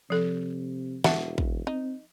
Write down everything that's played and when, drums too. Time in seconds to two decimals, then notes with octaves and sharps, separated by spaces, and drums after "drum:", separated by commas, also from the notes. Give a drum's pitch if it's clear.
0.10 C3 F3 A4
1.04 E1 F#4 A4 E5, drum: snare
1.38 drum: kick
1.67 C4 D#4